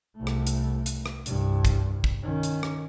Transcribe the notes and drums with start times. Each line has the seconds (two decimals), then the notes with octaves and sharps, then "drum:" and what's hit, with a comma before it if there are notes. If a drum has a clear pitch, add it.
0.17 C2 A3
0.27 drum: rim click
0.47 drum: hi-hat
0.86 drum: hi-hat
1.06 drum: rim click
1.26 C2 G2, drum: hi-hat
1.65 drum: kick, hi-hat
2.04 drum: kick
2.24 D#3 C#4
2.43 drum: hi-hat
2.63 drum: rim click